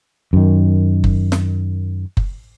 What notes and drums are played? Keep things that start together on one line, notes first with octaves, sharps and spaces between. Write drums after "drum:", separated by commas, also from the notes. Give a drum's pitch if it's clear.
F#2 D#3
drum: kick F#1
drum: snare
drum: kick F#1